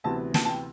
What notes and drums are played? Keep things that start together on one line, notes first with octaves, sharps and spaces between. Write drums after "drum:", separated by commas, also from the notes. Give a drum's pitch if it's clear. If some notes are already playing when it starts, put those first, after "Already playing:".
D2 C3 E3 B3 A5
A5, drum: snare
A5
G5